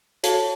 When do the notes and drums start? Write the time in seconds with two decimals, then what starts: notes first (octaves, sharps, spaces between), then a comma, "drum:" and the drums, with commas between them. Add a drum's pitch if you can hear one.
0.23 F#4 A4 C#5 F5 A5, drum: hi-hat